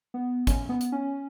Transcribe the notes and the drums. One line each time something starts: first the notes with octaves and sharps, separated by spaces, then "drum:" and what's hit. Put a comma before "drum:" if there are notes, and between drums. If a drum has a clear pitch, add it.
B3
C#4, drum: kick, hi-hat
B3
drum: hi-hat
C#4